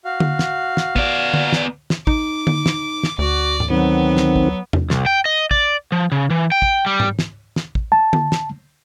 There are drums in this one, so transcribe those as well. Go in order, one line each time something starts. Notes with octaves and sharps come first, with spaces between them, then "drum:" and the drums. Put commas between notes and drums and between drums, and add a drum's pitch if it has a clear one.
F#4 F5
drum: tom D3
drum: snare
drum: snare
B3 D5, drum: kick
drum: tom D3
drum: snare
drum: snare
D#4 D6, drum: kick
drum: tom D3
drum: snare
drum: snare
D2 F#4 D5
drum: tom G#2
D#3 F#3 B3 C4
drum: snare
drum: kick
drum: tom E2
C2, drum: snare
G5
D#5
D5, drum: kick
F3
C#3
E3
G5
drum: kick
G3
drum: tom G#2
drum: snare
drum: snare
drum: kick
A5
drum: tom D3
drum: snare